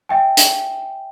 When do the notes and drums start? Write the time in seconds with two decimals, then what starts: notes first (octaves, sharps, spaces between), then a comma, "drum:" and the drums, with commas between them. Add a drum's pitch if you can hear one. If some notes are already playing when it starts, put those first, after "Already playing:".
0.09 E5 G5 G#5
0.37 drum: hi-hat